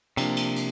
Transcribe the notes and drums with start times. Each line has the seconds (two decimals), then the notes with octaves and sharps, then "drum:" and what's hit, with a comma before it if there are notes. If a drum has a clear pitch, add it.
0.17 C3 F3 A#3 D4, drum: cymbal
0.37 drum: cymbal
0.56 drum: cymbal